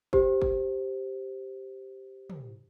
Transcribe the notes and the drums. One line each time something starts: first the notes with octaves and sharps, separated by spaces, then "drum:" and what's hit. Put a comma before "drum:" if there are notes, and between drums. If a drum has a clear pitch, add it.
G4 C5, drum: kick
drum: kick
drum: tom